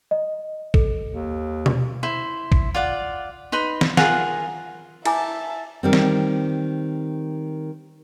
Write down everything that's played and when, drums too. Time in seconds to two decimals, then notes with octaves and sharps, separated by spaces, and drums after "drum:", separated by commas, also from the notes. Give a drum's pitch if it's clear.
0.11 D#5
0.74 A4, drum: kick
1.11 D#2
1.66 drum: tom B2
2.03 E4 C5
2.52 drum: kick
2.74 F4 D5 F#5
3.52 D#4 B4 B5 C6
3.81 drum: snare
3.97 F4 G#4 A#4 F#5, drum: snare
5.05 E4 E5 G#5 A5 D6, drum: cymbal
5.83 D#3 G3 C4
5.93 drum: snare